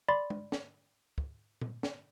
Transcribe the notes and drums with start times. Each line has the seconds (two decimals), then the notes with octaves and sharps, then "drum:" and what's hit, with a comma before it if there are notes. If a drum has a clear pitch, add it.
0.08 D5 B5 C6 A6
0.30 drum: tom
0.52 drum: snare
1.18 drum: kick
1.61 drum: tom A#2
1.83 drum: snare